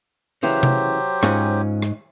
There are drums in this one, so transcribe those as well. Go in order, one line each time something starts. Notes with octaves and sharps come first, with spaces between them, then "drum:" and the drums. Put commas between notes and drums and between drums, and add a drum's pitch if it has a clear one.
C#3 E3 F#3 G4 C5
drum: tom C3
G#2 C#4 F4 G#4, drum: rim click
drum: rim click